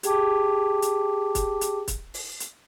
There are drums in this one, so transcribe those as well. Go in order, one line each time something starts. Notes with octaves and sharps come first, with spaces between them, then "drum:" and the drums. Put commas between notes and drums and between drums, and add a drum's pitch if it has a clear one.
G4 G#4 G5 A5 D6, drum: hi-hat
drum: hi-hat
drum: kick, hi-hat
drum: hi-hat
drum: kick, hi-hat
drum: open hi-hat
drum: hi-hat